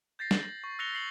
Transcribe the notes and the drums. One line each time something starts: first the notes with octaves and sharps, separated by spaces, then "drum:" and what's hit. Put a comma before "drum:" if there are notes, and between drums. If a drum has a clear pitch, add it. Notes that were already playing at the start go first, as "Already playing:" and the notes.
G6 A6 A#6 C7
F#7, drum: snare
C#6
E6 F#6 A#6 C#7 F7 G7
C7 F#7